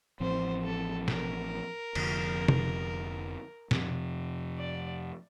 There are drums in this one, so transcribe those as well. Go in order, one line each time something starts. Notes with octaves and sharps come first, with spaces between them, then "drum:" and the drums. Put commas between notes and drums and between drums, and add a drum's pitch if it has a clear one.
A1 A2 F3 C4 C5
A4
A#4, drum: snare
F1 F2 D3 F3, drum: cymbal
drum: tom C3
F2 C3 F3, drum: snare
D5